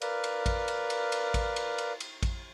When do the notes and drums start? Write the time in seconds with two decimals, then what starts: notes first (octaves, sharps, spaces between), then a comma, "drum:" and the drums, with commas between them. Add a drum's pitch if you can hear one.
0.02 A#4 B4 D5 F5, drum: cymbal
0.24 drum: cymbal
0.46 drum: kick A1, cymbal
0.68 drum: cymbal
0.90 drum: cymbal
1.12 drum: cymbal
1.34 drum: kick A1, cymbal
1.56 drum: cymbal
1.78 drum: cymbal
2.00 drum: cymbal
2.23 drum: kick A1, cymbal